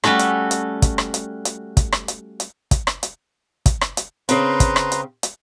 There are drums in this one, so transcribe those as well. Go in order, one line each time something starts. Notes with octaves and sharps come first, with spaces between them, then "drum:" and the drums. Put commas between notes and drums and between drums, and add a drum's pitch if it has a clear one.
G3 A3 C#4 F#4 A4, drum: rim click
drum: hi-hat
drum: hi-hat
drum: kick, hi-hat
drum: rim click
drum: hi-hat
drum: hi-hat
drum: kick, hi-hat
drum: rim click
drum: hi-hat
drum: hi-hat
drum: kick, hi-hat
drum: rim click
drum: hi-hat
drum: kick, hi-hat
drum: rim click
drum: hi-hat
C#3 C4 B4 A#5 C6, drum: hi-hat
drum: kick, hi-hat
drum: rim click
drum: hi-hat
drum: hi-hat